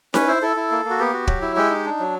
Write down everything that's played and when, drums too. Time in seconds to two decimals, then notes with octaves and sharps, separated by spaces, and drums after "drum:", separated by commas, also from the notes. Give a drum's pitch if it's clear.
0.14 C#4 B4, drum: snare D#4
0.27 E4 C5
0.42 E4 A4
0.56 E4
0.71 A#3
0.85 A#3
0.90 F#4
0.99 B3 G4
1.13 F#4
1.27 F#3, drum: kick
1.42 E4
1.56 G#3 G4
1.70 D#4
1.85 D4
2.00 F#3